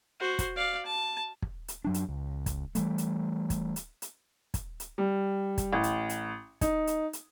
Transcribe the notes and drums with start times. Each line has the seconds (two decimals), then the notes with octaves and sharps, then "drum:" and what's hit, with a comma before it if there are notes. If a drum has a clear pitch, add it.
0.20 F#4 C5
0.39 drum: kick, hi-hat
0.56 D5 F5
0.86 A5
1.42 drum: kick
1.68 drum: hi-hat
1.84 F#2 F#3 D4
1.94 drum: hi-hat
2.09 C#2
2.46 drum: kick, hi-hat
2.75 E3 G3 A3, drum: hi-hat
2.98 drum: hi-hat
3.50 drum: kick, hi-hat
3.76 drum: hi-hat
4.02 drum: hi-hat
4.54 drum: kick, hi-hat
4.80 drum: hi-hat
4.98 G3
5.58 drum: kick, hi-hat
5.73 A1
5.84 drum: hi-hat
6.09 drum: hi-hat
6.61 D#4, drum: kick, hi-hat
6.87 drum: hi-hat
7.13 drum: hi-hat